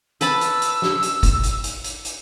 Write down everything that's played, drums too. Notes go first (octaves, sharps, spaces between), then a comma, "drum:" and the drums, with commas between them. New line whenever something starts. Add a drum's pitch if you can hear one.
B4 A5 B5 E6, drum: hi-hat
drum: hi-hat
drum: hi-hat
drum: snare
drum: hi-hat
drum: kick, hi-hat
drum: hi-hat
drum: hi-hat
drum: hi-hat
drum: hi-hat